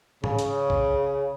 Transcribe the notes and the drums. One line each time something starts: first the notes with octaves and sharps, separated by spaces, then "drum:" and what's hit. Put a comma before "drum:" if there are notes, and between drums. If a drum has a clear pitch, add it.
C#3, drum: tom G#2
drum: hi-hat
drum: kick